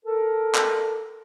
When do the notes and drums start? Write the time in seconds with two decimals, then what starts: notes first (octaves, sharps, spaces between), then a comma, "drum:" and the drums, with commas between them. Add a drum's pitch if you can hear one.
0.05 A4 A#4
0.55 drum: clap